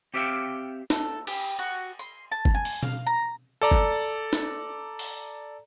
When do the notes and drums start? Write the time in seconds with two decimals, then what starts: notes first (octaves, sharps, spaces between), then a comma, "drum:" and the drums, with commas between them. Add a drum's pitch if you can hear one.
0.14 C4 G4 C5 E5 F5 G5
0.90 A4, drum: snare
1.27 G4, drum: cymbal
1.59 F#4
1.99 C6, drum: tambourine
2.32 A5
2.45 drum: kick G1
2.54 G#5
2.65 drum: open hi-hat
2.83 F5, drum: tom B2
3.06 A#5
3.62 A4 D5 A#5
3.71 drum: kick G1
4.33 drum: snare
4.99 drum: open hi-hat